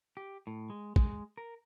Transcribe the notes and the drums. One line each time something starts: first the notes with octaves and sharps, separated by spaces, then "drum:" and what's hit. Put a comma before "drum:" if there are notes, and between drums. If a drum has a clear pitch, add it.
G4
A2
G#3
G#3, drum: kick
A#4